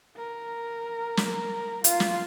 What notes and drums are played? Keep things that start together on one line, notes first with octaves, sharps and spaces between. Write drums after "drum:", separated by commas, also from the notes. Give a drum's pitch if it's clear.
A#4
drum: snare
F4, drum: hi-hat
drum: snare